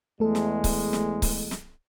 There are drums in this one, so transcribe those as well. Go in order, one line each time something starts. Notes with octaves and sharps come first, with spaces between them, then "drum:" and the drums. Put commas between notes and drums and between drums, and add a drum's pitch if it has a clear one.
E2 G#3 A3 A4
drum: snare
drum: kick C#1, open hi-hat
drum: snare
drum: kick C#1, open hi-hat
drum: snare